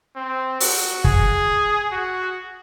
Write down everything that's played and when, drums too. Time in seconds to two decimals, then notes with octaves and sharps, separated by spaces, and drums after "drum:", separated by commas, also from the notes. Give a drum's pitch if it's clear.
0.16 C4
0.60 F#4, drum: open hi-hat
1.04 G#4, drum: kick
1.92 F#4